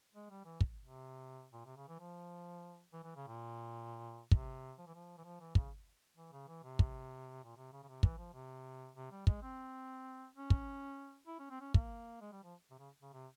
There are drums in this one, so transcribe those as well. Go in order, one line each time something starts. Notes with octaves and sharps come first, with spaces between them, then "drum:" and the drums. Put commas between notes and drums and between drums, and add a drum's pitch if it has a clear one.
G#3
G3
E3
drum: kick
C3
A#2
C3
C#3
E3
F3
E3
E3
C#3
A#2
C3, drum: kick
F3
E3
F3
E3
F3
E3
C#3, drum: kick
E3
C#3
E3
C3
drum: kick
A#2
C3
C#3
C#3
C3
E3, drum: kick
F3
C3
C3
G3
G#3, drum: kick
C4
C#4
drum: kick
E4
C#4
C4
C#4
A#3, drum: kick
G#3
G3
F3
C3
C#3
C#3
C3